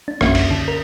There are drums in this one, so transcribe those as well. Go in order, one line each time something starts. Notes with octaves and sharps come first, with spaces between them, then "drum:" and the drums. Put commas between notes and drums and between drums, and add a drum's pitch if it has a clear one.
D4
A#1 F#2 A#3 C#4 F#4 E5, drum: rim click
C#2, drum: cymbal
D3
A#4